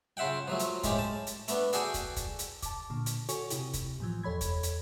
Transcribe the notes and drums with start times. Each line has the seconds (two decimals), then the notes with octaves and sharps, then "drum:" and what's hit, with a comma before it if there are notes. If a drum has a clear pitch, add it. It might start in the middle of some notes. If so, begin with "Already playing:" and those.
0.17 C#3 F4 E5 F#5 G5
0.48 F3 F#3 A3
0.59 drum: hi-hat
0.83 A2 G#3 C#4 G4, drum: kick, hi-hat
0.98 A5
1.27 drum: hi-hat
1.48 A3 B3 D4, drum: hi-hat
1.73 F#4 G#4 A4 D5 G5 G#5, drum: hi-hat
1.94 drum: kick, hi-hat
2.17 drum: kick, hi-hat
2.39 drum: hi-hat
2.62 A5 D6, drum: kick, hi-hat
2.90 A#2 D3
3.06 drum: hi-hat
3.29 F#4 A4 C#5 G#5 C#6, drum: hi-hat
3.50 C3 E4 G4, drum: hi-hat
3.74 drum: kick, hi-hat
4.00 A2 E3 F3
4.23 E2 A4 C#5 B5 G#6
4.41 drum: kick, hi-hat
4.63 drum: hi-hat